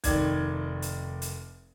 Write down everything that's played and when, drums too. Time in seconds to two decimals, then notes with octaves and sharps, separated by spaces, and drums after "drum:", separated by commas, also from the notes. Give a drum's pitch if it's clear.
0.04 F1 D#3 D5 G#6, drum: kick, hi-hat
0.82 drum: hi-hat
1.22 drum: hi-hat